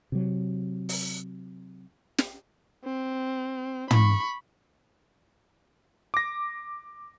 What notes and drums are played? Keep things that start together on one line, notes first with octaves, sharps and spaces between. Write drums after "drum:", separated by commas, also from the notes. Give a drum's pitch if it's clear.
C3 F#3
drum: open hi-hat
drum: snare
C4
B5 C#6, drum: tom
D6 A#6